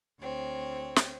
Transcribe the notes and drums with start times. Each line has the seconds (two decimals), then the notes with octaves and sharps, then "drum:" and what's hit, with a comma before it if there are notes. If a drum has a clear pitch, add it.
0.19 D2 C4 C#5
0.96 drum: snare